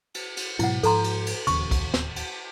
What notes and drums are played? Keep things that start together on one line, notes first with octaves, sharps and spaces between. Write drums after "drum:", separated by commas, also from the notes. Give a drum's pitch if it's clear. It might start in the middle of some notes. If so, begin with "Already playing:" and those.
drum: cymbal
drum: cymbal
G#2 B2 F#3 E4 F#5, drum: cymbal
G#2 F3 A4 A#5 C6, drum: cymbal
drum: cymbal
drum: cymbal
D1 D#2 C#3 C#6, drum: cymbal
drum: kick, cymbal
drum: snare
drum: cymbal